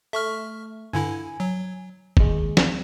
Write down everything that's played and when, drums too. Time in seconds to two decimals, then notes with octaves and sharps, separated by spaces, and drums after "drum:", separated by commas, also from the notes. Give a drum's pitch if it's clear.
0.13 A3 E5 C#6 F6
0.93 G2 D3 E4 G#5
1.40 F#3
2.17 D#2 G#3, drum: kick G1
2.57 drum: snare